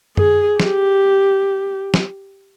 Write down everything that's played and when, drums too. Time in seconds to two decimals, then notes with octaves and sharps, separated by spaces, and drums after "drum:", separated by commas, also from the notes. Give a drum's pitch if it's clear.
0.17 G#4, drum: tom F#2
0.60 G4, drum: snare
1.94 drum: snare